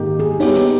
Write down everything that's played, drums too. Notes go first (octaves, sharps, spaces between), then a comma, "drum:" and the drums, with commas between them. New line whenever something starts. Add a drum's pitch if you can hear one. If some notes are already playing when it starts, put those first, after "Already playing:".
Already playing: G#2 D#3 A#3 D#4 G4
G#4
G3 B3 D#4 G4 C#5, drum: open hi-hat
drum: hi-hat